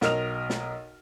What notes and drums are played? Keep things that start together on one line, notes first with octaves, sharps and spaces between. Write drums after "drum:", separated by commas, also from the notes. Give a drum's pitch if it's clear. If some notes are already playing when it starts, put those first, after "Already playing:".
B1 A#4 D#5 F6 F7, drum: snare
drum: snare